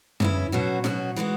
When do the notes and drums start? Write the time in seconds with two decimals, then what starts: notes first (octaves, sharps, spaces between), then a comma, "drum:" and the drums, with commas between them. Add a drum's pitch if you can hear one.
0.20 C#3 E3 C#4 E4, drum: tom F#2
0.52 B2 F#3 C#4 F#4
0.84 B2 F#3 C#4 F#4, drum: snare
1.16 E3 G#3 B3 F#4